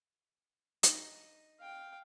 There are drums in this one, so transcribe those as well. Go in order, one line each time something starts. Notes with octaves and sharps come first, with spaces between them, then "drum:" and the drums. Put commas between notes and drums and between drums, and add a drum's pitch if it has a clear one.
D#4, drum: hi-hat
F5 G5